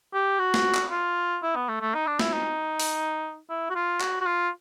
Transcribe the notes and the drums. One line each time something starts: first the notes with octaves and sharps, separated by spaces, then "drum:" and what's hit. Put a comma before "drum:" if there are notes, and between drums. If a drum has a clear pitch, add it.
G4
F#4
drum: snare
drum: clap
F4
E4
B3
A3
A3
D#4
D4
E4, drum: snare
D#4
drum: open hi-hat
E4
F#4
F4
F#4, drum: clap
F#4
F4